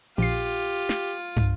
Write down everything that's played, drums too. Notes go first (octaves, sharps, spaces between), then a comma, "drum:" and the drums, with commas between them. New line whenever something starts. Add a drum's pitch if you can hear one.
A#1 F4 G4 C7
drum: snare
drum: tom